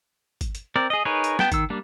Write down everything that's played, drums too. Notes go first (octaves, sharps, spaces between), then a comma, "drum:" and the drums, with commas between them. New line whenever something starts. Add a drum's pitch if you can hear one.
drum: kick, hi-hat
drum: hi-hat
C4 A#4 D5
G#4 D#5
D#4 G#4 A#4 B4 C#5
drum: hi-hat
B3 G5 A5, drum: snare
D#3 E6, drum: kick, hi-hat
G3 A#3 D4